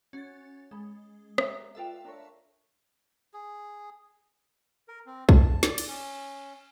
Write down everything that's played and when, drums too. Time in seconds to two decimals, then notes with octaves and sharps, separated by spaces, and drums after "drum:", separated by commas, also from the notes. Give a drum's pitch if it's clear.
0.13 C#4 F#4 A6
0.71 G#3 B5
1.38 G4 A#4 E5, drum: rim click
1.75 F4 A4 B4 D5 E5 G5
2.04 D4 A#4 C#5
3.34 G#4
4.88 A#4
5.06 C4
5.29 A5, drum: kick
5.63 D5, drum: snare
5.78 drum: cymbal
5.88 C#4